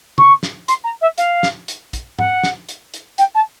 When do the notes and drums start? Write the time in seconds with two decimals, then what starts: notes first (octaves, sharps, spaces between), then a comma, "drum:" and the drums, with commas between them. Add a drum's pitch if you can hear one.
0.18 C#6, drum: tom
0.43 drum: snare
0.68 C6, drum: hi-hat
0.84 A#5
1.01 E5
1.18 F5, drum: hi-hat
1.43 drum: snare
1.68 drum: hi-hat
1.93 drum: kick, hi-hat
2.19 F#5, drum: tom
2.43 drum: snare
2.69 drum: hi-hat
2.94 drum: hi-hat
3.18 G5, drum: hi-hat
3.35 A5